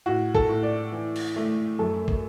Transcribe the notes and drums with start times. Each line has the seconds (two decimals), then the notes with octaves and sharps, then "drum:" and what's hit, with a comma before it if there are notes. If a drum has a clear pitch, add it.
0.06 A2 F#4
0.35 A4, drum: kick
0.49 A2
0.63 D5
0.92 E3
1.16 drum: cymbal
1.36 A3
1.79 F#2 A4
2.08 drum: kick